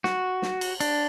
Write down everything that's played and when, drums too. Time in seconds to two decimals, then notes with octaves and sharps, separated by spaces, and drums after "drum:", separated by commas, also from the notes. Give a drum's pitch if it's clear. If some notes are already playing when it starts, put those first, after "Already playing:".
0.04 F#4, drum: snare
0.42 drum: snare
0.61 drum: cymbal
0.80 D4, drum: cymbal